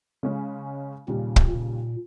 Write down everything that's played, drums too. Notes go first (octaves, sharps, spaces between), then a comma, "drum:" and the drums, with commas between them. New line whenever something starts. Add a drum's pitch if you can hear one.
C#3 G#3 C#4
D#2 A#2 C#3 G3
drum: kick
A#2